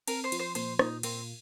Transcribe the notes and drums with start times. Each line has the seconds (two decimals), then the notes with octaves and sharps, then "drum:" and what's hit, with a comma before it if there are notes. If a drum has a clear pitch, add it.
0.08 C4 A#4, drum: cymbal
0.24 C5
0.32 F3, drum: cymbal
0.39 C5
0.55 A#2 C5, drum: cymbal
0.79 A#2 D#4, drum: rim click
1.03 A#3 C4, drum: cymbal